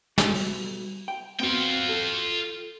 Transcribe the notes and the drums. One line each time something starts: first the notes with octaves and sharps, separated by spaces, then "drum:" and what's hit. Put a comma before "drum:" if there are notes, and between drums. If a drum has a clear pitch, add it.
B1 G3 F#4, drum: snare
drum: open hi-hat
G5
B3 C4 F4 F#4 G5
A4